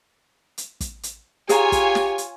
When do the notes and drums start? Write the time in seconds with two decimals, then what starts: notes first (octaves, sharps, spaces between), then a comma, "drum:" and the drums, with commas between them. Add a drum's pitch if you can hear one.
0.58 drum: hi-hat
0.80 drum: kick, hi-hat
1.03 drum: hi-hat
1.49 F4 G4 G#4 C#5 F5 G#5 A#5, drum: hi-hat
1.72 drum: kick, hi-hat
1.95 drum: snare
2.18 drum: hi-hat